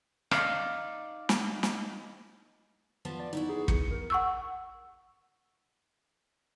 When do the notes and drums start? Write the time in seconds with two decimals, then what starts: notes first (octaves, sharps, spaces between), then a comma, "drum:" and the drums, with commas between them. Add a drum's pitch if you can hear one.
0.31 D#4 D5 F5, drum: rim click
1.29 drum: snare
1.63 drum: snare
3.05 F3 B3 D4 A5
3.20 D5
3.33 B3 D#4 E4 F#4
3.49 G#4
3.68 C#7, drum: kick
3.91 A#4
4.10 F#5 C#6 E6